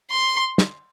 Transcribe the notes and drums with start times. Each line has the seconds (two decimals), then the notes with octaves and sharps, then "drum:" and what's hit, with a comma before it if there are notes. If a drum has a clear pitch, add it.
0.11 C6
0.58 drum: snare